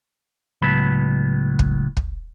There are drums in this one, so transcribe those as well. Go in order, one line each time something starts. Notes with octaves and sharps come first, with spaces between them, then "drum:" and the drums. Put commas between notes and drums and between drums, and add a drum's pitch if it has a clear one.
C#2 A2 F#3 B3 A5 B5
drum: kick
drum: kick